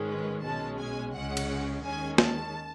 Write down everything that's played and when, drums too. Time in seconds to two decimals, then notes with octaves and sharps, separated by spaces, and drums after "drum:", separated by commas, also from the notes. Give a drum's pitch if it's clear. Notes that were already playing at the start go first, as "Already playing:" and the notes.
Already playing: G#1 G#2 D#3 G#3 C#4
0.08 B4
0.43 B1 B2 G#3 C#4 A5
0.79 G#5
1.14 C#2 C#3 G#3 C#4 F#5
1.37 drum: cymbal
1.83 D#2 D#3 G#3 C#4 G#5
2.18 A5, drum: snare A#3